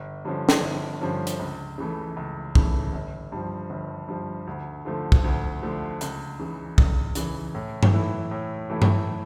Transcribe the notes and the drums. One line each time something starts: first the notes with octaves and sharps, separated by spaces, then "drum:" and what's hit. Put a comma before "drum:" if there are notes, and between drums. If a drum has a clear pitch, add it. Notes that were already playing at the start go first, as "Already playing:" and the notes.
Already playing: G1
G2 D3 F3 C#4
drum: snare
G1
G2 D3 F3 C#4
drum: hi-hat
C#2
C#3 E3 A3
C#2
C#3 E3 A3, drum: kick
G1
G2 F3
G1
G2 F3
D2
D3 F3 A3
drum: kick
D2
D3 F3 A3
C#2, drum: hi-hat
C#3 E3
C#2, drum: kick
C#3 E3, drum: hi-hat
A2
drum: tom G2
E3 A3 E4
A2
E3 A3 E4
drum: tom G2